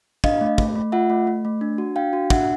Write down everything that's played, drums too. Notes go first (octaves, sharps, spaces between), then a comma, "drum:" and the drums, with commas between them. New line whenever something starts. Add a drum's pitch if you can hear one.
D4 D#5 F5, drum: kick
A3
A3, drum: kick
A3
F4 E5 F#5
A3
A3
A3
D4
F#4
D4 F5 G5
F#4
D4 E5 F#5, drum: kick